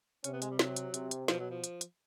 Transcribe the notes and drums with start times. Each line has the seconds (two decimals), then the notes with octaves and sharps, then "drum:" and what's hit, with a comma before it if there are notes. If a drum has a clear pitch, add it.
0.24 C3 C#4, drum: hi-hat
0.33 B3
0.42 G#3, drum: hi-hat
0.51 G3
0.59 F#3, drum: snare
0.76 drum: hi-hat
0.94 C3, drum: hi-hat
1.11 drum: hi-hat
1.28 B2 F3, drum: snare
1.40 F#3
1.50 F3
1.64 drum: hi-hat
1.81 drum: hi-hat